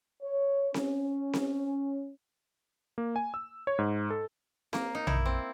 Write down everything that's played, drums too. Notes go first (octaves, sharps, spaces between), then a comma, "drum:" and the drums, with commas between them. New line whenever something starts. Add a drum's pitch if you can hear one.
C#5
C#4, drum: snare C4
drum: snare C4
A#3
G#5
E6
C#5
G#2
A4
A#3, drum: snare C4
D#4
E4, drum: tom A#1
C4